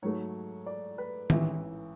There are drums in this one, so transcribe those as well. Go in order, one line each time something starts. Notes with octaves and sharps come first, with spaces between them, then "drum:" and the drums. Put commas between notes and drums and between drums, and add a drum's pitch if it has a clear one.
G#2 F#3 A3 C#5
D5
B4
A1 G#2 E3 E5, drum: tom D#3